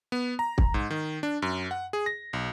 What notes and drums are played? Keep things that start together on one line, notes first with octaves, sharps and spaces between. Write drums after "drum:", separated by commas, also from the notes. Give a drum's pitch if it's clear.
B3
A#5
drum: kick
G#2
D#3
D4
F#2
F#5
G#4
A#6
B1